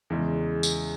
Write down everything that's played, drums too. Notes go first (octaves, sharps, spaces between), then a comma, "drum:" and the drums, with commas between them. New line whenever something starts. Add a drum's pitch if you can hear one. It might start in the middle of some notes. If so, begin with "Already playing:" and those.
E2 C#3 G#3
drum: tambourine